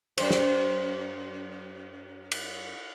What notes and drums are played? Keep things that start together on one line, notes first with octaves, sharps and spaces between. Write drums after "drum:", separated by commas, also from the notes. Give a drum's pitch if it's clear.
F#2 C5, drum: cymbal
drum: snare
drum: cymbal